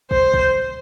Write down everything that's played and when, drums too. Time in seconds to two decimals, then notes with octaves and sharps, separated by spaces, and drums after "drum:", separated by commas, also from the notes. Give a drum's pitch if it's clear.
0.11 C5, drum: kick
0.34 drum: kick